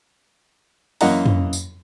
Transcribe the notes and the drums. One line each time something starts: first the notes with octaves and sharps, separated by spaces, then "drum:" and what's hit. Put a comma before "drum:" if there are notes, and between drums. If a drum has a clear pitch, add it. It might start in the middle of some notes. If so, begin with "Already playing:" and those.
F#2 E3 A#3 D#5 F#5 A#5, drum: open hi-hat
drum: tom
drum: tambourine